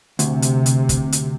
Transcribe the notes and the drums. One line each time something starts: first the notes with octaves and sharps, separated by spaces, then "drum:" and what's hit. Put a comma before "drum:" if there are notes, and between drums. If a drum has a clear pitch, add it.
D2 C3, drum: hi-hat
drum: hi-hat
drum: hi-hat
drum: kick, hi-hat
drum: hi-hat